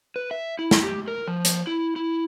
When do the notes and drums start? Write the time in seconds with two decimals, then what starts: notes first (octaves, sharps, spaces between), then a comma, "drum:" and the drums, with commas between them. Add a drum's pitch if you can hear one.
0.16 B4
0.31 E5
0.59 E4
0.71 drum: snare
0.83 G4
1.08 A#4
1.28 F3
1.45 drum: hi-hat
1.67 E4
1.96 E4